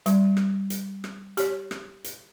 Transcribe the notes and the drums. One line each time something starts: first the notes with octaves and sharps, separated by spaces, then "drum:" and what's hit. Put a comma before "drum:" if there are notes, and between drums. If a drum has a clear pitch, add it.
G3, drum: hi-hat
drum: rim click
drum: hi-hat
drum: rim click
G4 C#5, drum: hi-hat
drum: rim click
drum: hi-hat